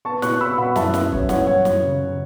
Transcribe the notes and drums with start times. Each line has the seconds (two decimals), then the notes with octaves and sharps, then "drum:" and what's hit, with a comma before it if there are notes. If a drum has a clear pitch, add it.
0.05 B3 A5 C#6
0.22 B2 C#6 F#6, drum: snare
0.41 B3 B5 E6
0.58 B2 F#5 B5
0.76 F#2 E5 A5, drum: snare
0.94 C#4 E5, drum: snare
1.12 F#2 C#5, drum: kick C#1
1.29 F#2 C#5 F#5, drum: snare
1.47 F#2 C#5 F#5
1.65 F#2, drum: snare
1.83 C#3
2.01 C#3